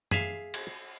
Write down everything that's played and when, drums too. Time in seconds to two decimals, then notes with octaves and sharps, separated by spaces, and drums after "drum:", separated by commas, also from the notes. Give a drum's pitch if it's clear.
0.11 G#4 E5 F5, drum: tom F#2
0.54 drum: cymbal